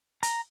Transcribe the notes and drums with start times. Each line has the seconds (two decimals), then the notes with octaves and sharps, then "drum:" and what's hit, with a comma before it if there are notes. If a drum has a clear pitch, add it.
0.23 A#5, drum: hi-hat